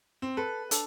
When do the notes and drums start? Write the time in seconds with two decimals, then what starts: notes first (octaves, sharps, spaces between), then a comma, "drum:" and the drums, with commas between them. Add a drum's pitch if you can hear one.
0.22 C4
0.37 A4 B4
0.71 D4 A4 A5, drum: hi-hat